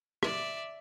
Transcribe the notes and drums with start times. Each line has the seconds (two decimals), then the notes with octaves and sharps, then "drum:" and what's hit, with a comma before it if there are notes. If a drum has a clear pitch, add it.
0.23 D5 E5, drum: rim click